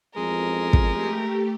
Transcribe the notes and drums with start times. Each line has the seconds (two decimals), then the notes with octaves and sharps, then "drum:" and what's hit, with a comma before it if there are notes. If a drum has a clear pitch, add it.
0.16 A1 F2 G#3 A#4
0.73 drum: kick
0.88 A3 G4